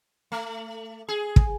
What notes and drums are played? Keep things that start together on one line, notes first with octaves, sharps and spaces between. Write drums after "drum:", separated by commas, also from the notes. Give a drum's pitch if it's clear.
A3
G#4
drum: kick